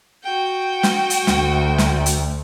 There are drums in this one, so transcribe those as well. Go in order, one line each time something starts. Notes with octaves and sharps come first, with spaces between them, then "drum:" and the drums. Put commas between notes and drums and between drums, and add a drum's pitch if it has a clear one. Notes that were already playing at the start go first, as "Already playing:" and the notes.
F#4 G5
drum: snare
drum: hi-hat
D2 A3, drum: snare
drum: snare
drum: hi-hat